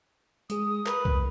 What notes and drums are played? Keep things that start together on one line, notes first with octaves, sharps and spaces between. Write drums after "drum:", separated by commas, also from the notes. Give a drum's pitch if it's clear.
G#3 G#4 D#6, drum: hi-hat
A#4 B4, drum: clap
drum: kick C2